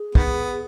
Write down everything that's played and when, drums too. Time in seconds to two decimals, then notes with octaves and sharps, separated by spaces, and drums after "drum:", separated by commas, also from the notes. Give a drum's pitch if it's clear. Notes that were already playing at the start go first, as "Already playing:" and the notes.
Already playing: G#4
0.15 D#3 B3, drum: kick